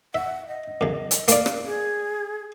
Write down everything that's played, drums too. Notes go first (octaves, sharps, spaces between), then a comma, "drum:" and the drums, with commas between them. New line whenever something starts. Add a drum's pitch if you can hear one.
E5 F#5
D#5
F#2 C#3
drum: hi-hat
A#3 D5 F5, drum: hi-hat
drum: rim click
G#4